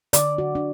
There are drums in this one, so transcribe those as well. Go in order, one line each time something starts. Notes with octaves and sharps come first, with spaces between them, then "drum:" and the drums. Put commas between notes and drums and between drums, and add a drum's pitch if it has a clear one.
D3 D5, drum: hi-hat
D3 F#4
D4